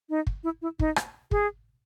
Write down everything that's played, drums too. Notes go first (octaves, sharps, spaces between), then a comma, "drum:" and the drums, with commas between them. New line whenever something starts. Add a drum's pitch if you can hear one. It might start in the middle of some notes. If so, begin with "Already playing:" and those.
D#4
drum: kick
E4
E4
D#4, drum: kick
drum: rim click
G#4, drum: kick